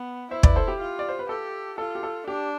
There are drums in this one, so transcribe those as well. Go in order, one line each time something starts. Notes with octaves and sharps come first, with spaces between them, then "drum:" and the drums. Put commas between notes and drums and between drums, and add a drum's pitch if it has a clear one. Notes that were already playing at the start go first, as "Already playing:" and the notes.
Already playing: B3
E4 C5 E5
B4 D5, drum: kick
A4 C5
G4
F4
D5
C5
B4
G4 A4
F4 A4
G4
A4
D4 G4